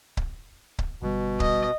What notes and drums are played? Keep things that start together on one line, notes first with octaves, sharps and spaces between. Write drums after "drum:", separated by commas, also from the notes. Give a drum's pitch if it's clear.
drum: kick C#1
drum: kick C#1
G1 B2 G3
D#5, drum: kick C#1